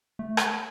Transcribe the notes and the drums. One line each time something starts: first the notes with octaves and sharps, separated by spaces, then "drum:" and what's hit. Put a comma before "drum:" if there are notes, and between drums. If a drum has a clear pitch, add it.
A3
drum: rim click